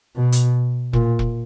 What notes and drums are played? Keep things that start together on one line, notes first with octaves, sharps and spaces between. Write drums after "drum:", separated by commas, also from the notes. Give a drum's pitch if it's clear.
B2
drum: hi-hat
A#2, drum: kick E1
drum: kick E1